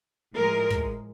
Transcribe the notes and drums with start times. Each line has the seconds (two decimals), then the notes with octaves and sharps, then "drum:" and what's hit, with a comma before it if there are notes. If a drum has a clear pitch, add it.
0.34 A2 F3 G#3 A#4
0.70 drum: kick